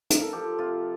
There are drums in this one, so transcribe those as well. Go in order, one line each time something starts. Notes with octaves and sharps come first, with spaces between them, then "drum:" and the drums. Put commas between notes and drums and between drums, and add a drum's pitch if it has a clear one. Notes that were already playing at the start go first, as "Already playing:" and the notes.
A#4, drum: hi-hat
A4
F3 G4
C3 F4